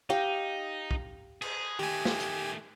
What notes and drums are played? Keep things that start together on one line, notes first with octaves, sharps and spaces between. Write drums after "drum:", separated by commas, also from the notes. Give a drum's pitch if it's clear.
D#4 G4 D#5 F5
drum: kick
G#4, drum: cymbal
D#3 A3 G4 G#5
drum: snare
drum: hi-hat